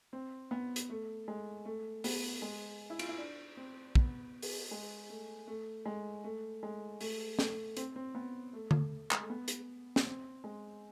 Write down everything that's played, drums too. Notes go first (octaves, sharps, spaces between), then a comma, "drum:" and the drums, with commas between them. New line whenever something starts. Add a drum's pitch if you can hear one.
C4
B3
drum: hi-hat
A3
G#3
A3
B3, drum: open hi-hat
G#3
E4
F4, drum: cymbal
E4
D4
C4
B3, drum: kick
drum: open hi-hat
G#3
A3
A3
G#3
A3
G#3
A3, drum: open hi-hat
A3, drum: snare
C4, drum: hi-hat
C4
B3
A3
drum: tom D3
G#3, drum: clap
A3
B3
drum: hi-hat
drum: snare
C4
G#3